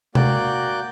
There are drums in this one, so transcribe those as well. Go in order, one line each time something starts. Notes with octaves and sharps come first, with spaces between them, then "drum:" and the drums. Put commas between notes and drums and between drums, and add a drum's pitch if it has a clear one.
A#3 F#4 D5 G5 F#6 G6, drum: tom C3